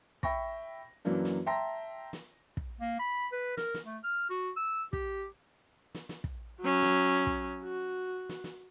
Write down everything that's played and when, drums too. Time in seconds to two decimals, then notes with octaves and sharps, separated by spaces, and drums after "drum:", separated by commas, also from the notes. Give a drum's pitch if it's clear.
0.23 E5 G5 B5 C#6 A#6, drum: kick
1.05 F#2 E3 F#3 A#3 D4
1.25 drum: snare
1.46 E5 G5 A5 A#5 C6 A#6
2.13 drum: snare
2.57 drum: kick
2.80 A#3
2.99 B5
3.32 B4
3.57 A#4, drum: snare
3.74 drum: snare
3.86 A3
4.04 F6
4.30 F#4
4.56 E6
4.93 G4, drum: kick
5.95 drum: snare
6.09 drum: snare
6.24 drum: kick
6.61 F#3 C#4
6.83 drum: snare
7.27 drum: kick
7.63 F#4
8.29 drum: snare
8.44 drum: snare